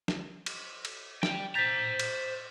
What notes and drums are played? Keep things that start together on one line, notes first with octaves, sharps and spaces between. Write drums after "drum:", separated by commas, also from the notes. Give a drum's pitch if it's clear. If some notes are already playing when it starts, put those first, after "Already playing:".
drum: snare
drum: cymbal
drum: cymbal
G3 G5, drum: snare
C5 A#5 G6 A6 B6
drum: cymbal